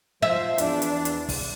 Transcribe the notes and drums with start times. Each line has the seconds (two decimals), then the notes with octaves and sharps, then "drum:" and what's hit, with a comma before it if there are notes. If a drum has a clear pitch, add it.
0.22 F3 C5 E5
0.58 E2 D4, drum: hi-hat
0.82 drum: hi-hat
1.05 drum: hi-hat
1.29 drum: kick, open hi-hat